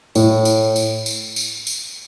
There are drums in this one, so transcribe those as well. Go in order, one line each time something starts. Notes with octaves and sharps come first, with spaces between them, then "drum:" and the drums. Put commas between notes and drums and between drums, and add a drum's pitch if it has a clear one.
A2, drum: tambourine
drum: tambourine
drum: tambourine
drum: tambourine
drum: tambourine
drum: tambourine